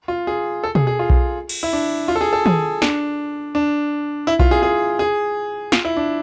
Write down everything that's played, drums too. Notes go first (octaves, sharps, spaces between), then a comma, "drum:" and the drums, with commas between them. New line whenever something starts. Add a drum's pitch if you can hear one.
F4
G#4
A4
G#4, drum: tom B2
G#4
F4
drum: kick B1
drum: cymbal
E4
D4
F4
A4
G#4
A4
G#4, drum: tom
D4, drum: snare
D4
E4, drum: tambourine
F4, drum: kick B1
G#4
G#4
G#4
F4, drum: snare
E4
D4